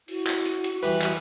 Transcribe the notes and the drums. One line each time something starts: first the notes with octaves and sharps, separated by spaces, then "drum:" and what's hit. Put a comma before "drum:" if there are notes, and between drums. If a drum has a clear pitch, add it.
E4 F#4, drum: open hi-hat
drum: clap
drum: hi-hat
drum: hi-hat
E3 G3 G4 B4 B5, drum: open hi-hat
drum: clap